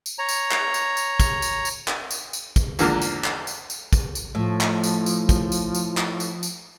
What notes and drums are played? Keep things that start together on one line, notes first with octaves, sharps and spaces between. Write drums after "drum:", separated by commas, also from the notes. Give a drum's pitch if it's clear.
drum: tambourine
C#5 A#5
drum: tambourine
drum: clap
drum: tambourine
drum: tambourine
drum: kick, tambourine
drum: tambourine
drum: tambourine
drum: clap
drum: tambourine
drum: tambourine
drum: kick, tambourine
E2 G#2 D3 F3 A#3, drum: tambourine
drum: tambourine
drum: clap
drum: tambourine
drum: tambourine
drum: kick, tambourine
drum: tambourine
A2 F3
drum: clap
drum: tambourine
drum: tambourine
drum: kick, tambourine
drum: tambourine
drum: tambourine
drum: clap
drum: tambourine
drum: tambourine